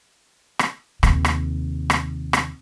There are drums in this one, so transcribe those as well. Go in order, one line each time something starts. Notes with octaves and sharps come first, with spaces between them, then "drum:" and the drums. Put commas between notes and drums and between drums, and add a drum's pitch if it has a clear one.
drum: rim click
D#2 C3, drum: rim click
drum: rim click
drum: rim click
drum: rim click